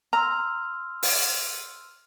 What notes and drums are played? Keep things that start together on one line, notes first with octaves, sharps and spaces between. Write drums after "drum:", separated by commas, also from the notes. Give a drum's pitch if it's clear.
A#5 C6 E6 F6
drum: open hi-hat